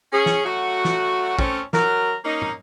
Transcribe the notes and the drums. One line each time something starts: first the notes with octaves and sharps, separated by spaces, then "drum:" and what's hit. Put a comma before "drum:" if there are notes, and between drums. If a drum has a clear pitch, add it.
C#4 G#4
drum: snare
F#3 A3 F#4
drum: snare
A3 C4 C#4, drum: kick
F#3 A#4, drum: snare
A#3 C#4 D#4
drum: tom